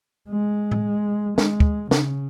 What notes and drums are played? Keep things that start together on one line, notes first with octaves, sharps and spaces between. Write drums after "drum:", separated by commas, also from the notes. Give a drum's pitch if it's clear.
G#3
drum: tom A2
G#3, drum: snare
drum: kick
C#3, drum: snare